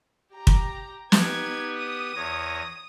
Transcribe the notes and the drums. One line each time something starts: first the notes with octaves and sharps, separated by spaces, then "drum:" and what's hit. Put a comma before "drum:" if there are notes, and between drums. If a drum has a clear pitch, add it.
G4 A#5
drum: kick
B3 D#4 G4 G#6, drum: snare
D#6
E2 C#5 A#6